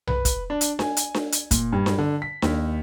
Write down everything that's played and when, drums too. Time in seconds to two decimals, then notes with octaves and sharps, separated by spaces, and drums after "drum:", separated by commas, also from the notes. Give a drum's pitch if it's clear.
0.07 B4, drum: tom B1
0.25 drum: kick, hi-hat
0.50 D4
0.61 drum: hi-hat
0.79 G#5, drum: snare D4
0.97 drum: hi-hat
1.14 drum: snare D4
1.32 drum: hi-hat
1.51 A#2, drum: kick, hi-hat
1.72 G2
1.86 drum: snare D4
1.98 D3
2.22 B6
2.42 D#2, drum: snare D4